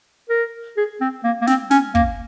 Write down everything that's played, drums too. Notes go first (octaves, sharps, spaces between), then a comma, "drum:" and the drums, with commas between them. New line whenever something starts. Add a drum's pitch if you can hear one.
A#4
G#4
C4
A#3
A#3
C4, drum: snare
C#4, drum: snare
A#3, drum: kick